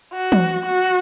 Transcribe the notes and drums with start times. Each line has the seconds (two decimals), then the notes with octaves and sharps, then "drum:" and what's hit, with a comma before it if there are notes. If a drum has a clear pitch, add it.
0.13 F#4
0.32 drum: tom
0.66 F#4